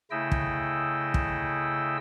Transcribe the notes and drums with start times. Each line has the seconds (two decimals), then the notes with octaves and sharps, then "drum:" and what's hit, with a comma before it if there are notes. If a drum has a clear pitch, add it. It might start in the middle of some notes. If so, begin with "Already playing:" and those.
0.11 C#3 A3 E4 D#5 G5 E6
0.31 drum: kick
1.14 drum: kick